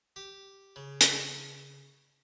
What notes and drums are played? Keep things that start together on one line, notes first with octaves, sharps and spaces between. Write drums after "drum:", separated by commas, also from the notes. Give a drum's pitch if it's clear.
G4
C#3
drum: hi-hat